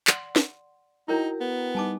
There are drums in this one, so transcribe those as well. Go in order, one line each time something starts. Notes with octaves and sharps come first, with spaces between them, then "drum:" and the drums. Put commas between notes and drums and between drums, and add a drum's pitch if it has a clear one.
D5 F#5 C6, drum: clap
drum: snare
D#4 E4 F#4 A#4 C#5 G5 A#5
B3
G3 D#4 G#5 A5 D6